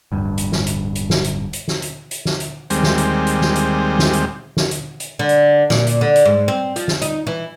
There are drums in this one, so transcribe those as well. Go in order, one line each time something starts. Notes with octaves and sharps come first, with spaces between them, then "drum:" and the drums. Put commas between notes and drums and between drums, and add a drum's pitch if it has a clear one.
D1 G2
drum: hi-hat
drum: snare
drum: hi-hat
drum: hi-hat
drum: snare
drum: hi-hat
drum: hi-hat
drum: snare
drum: hi-hat
drum: hi-hat
drum: snare
drum: hi-hat
D#2 G3 G#3 C4, drum: hi-hat
drum: snare
drum: hi-hat
drum: hi-hat
drum: snare
drum: hi-hat
drum: snare
drum: hi-hat
drum: snare
drum: hi-hat
drum: hi-hat
D3
drum: hi-hat
A#2, drum: snare
drum: hi-hat
D3
drum: hi-hat
G#2
C4
F3, drum: hi-hat
drum: snare
D#4, drum: hi-hat
E3